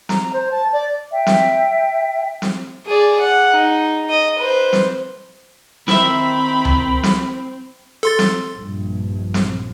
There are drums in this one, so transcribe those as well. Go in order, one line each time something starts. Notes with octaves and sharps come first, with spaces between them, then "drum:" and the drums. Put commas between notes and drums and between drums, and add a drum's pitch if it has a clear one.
A#5, drum: snare
C5
A5
D5
E5 G5
drum: snare
drum: snare
G#4 D5
F#5
D#4
D#5
B4 C5
drum: snare
D#3 C4 E4 E5 B5, drum: snare
drum: tom C#2
drum: snare
A4 C6 A6
drum: snare
A#1 G2
drum: snare